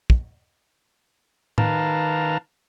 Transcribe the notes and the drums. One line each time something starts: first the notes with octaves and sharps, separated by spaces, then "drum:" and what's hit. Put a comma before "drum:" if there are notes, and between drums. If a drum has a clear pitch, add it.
drum: kick
D#3 B4 F5 A5 A#5, drum: tom A2